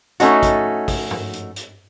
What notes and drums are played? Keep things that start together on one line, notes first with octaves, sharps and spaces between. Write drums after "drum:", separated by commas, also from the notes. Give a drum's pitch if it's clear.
A3 C#4 D#4 F#4, drum: hi-hat
drum: kick, hi-hat
drum: kick, open hi-hat
drum: tom G2
drum: hi-hat
drum: hi-hat